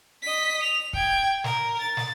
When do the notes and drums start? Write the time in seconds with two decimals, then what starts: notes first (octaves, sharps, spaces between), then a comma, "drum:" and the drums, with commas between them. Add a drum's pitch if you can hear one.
0.22 D#5 B6
0.63 F7
0.93 G5 G#6, drum: kick
1.44 A#4, drum: snare
1.80 A6
1.97 drum: snare